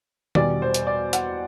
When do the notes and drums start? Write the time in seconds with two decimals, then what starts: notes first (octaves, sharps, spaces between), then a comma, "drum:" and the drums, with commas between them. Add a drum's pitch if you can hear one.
0.35 E2 B2 G3 D5, drum: tom D#3
0.62 C5
0.74 drum: hi-hat
0.87 D5
1.13 F#5, drum: hi-hat